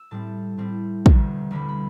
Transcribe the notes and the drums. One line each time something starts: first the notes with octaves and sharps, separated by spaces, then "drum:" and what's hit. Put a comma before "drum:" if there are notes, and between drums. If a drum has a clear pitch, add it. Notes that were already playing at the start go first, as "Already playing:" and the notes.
Already playing: E6
A2 G3 C4 E4 A5
A2 G3 C4 E4
E1 D2 D3 G3, drum: kick
E1 D2 D3 G3 B5
B5